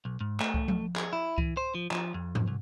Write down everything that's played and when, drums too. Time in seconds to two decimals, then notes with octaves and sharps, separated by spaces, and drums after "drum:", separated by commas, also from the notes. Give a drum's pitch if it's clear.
0.05 B1
0.21 G#2
0.40 A3, drum: clap
0.54 drum: kick C2
0.68 drum: tom F3
0.96 G#4, drum: clap
1.13 E4
1.38 E3, drum: kick C2
1.57 C5
1.75 F3
1.91 F3, drum: clap
2.14 F2
2.35 drum: tom G#2
2.48 C2